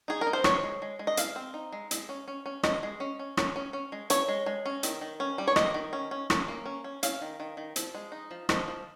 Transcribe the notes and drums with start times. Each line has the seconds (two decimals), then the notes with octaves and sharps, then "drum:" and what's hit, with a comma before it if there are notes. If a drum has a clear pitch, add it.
0.08 D#4 G#4
0.21 A#4
0.27 D#4
0.33 C5
0.44 G#3 C#5, drum: rim click
0.63 G#3
0.82 G#3
0.99 G#3
1.07 D#5
1.17 G#3 F5, drum: hi-hat
1.36 C4
1.54 D#4
1.72 G#3
1.91 G#3, drum: hi-hat
2.09 C#4
2.28 C#4
2.46 C#4
2.63 C#4 D#5, drum: rim click
2.83 G#3
3.00 C#4
3.19 C#4
3.37 C#4, drum: rim click
3.56 C#4
3.73 C#4
3.92 G#3
4.10 C#4 C#5, drum: hi-hat
4.28 G#3
4.46 G#3
4.66 C#4
4.83 D#3, drum: hi-hat
5.01 D#3
5.20 C#4
5.38 G3
5.48 C#5
5.56 A#3 D#5, drum: rim click
5.74 D#3
5.93 C#4
6.11 C#4
6.30 C#4, drum: rim click
6.48 A#3
6.66 C#4
6.84 C#4
7.03 C#4 F5, drum: hi-hat
7.21 D#3
7.40 D#3
7.57 D#3
7.76 F3, drum: hi-hat
7.95 G#3
8.12 D#4
8.31 F3
8.49 F3 D#5, drum: rim click
8.68 F3